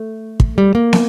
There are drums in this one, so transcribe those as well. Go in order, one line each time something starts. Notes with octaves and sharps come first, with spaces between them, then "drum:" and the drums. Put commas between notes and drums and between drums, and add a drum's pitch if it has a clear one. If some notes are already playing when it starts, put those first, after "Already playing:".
Already playing: A3
drum: kick
G3
A#3
drum: snare